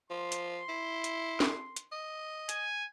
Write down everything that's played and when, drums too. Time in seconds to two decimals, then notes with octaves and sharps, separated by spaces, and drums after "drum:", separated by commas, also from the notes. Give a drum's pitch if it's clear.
0.10 F3 C6
0.32 drum: hi-hat
0.69 E4
1.04 drum: hi-hat
1.40 drum: snare
1.76 drum: hi-hat
1.92 D#5
2.49 G#5, drum: hi-hat